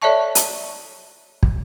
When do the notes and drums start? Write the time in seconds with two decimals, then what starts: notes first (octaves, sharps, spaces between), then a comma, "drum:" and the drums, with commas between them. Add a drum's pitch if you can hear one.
0.02 A4 C#5 D5 E5 A5 C#6
0.35 drum: hi-hat
1.43 drum: kick